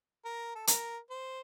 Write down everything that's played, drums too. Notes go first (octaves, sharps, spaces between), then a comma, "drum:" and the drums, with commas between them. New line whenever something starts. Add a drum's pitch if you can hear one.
A#4
A4
A#4, drum: hi-hat
C5